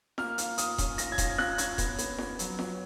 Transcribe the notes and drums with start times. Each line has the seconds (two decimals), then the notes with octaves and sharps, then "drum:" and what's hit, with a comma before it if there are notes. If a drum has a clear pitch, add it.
0.18 A#3 F6, drum: snare F4
0.38 F4, drum: hi-hat
0.58 F4 D#6, drum: hi-hat
0.78 C#4, drum: kick D#1, hi-hat
0.98 F4 A#6, drum: hi-hat
1.12 G#6
1.18 F4 A#6, drum: kick D#1, hi-hat
1.38 F4 F#6, drum: snare F4
1.58 C#4 G#6, drum: hi-hat
1.78 B3, drum: kick D#1, hi-hat
1.98 B3, drum: hi-hat
2.18 B3, drum: snare F4
2.39 F#3, drum: hi-hat
2.59 F#3, drum: snare F4